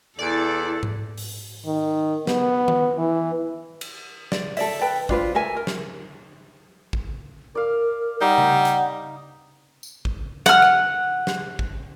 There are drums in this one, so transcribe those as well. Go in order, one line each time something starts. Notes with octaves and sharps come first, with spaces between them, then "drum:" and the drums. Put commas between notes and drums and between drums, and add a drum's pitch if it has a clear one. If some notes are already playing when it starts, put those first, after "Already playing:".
E2 E4 A4 D5
drum: tom G#2
drum: open hi-hat
D#3
B3, drum: snare
drum: tom D#3
E3
drum: cymbal
D5, drum: snare
A4 D5 E5, drum: open hi-hat
A4 B4 G5
D4 F4 B4 C5, drum: kick
A4 A#4 E5 G#5
A#4
drum: snare
drum: kick
A#4 D5 F5
G3 D#4 F#5
drum: tom C#3
drum: hi-hat
drum: tambourine
drum: kick
F#5 F6, drum: snare
drum: rim click
drum: snare
drum: kick